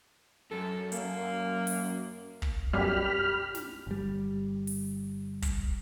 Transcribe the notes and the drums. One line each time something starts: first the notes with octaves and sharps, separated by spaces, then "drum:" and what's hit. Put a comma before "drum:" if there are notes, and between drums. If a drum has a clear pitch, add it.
F#2 A4
A#3, drum: hi-hat
drum: open hi-hat
drum: kick
B1 F#2 G3 G4 B5 F6
drum: snare
G1 G3
drum: open hi-hat
drum: kick, hi-hat